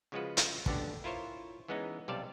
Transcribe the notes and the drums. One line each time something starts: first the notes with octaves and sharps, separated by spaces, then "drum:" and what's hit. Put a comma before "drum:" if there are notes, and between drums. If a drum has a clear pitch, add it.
C#3 F3 G#3 F4 F#4 B4
drum: hi-hat
A1 B2 D3 B3 D4 G4, drum: kick
E4 F4 A#4 C5 C#5
E3 G#3 B3 C#4 D#4
B1 C3 G3 D5 F5 A5